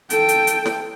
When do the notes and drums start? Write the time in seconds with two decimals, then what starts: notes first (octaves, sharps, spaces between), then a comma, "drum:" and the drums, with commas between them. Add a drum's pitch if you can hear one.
0.10 A4 G5, drum: hi-hat
0.29 drum: hi-hat
0.47 drum: hi-hat
0.66 drum: snare